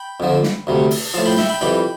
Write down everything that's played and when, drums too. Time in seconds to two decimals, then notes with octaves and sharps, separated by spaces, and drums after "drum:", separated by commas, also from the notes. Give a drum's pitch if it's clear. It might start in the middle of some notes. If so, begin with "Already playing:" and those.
Already playing: G5 B5
0.20 F2 D3 F3
0.43 drum: snare
0.67 D2 C3 G3
0.91 drum: open hi-hat
1.14 A2 F3 F5 A5
1.26 G5 B5
1.37 E5 G5, drum: snare
1.49 G5 B5
1.61 F2 E3 G3 G5 B5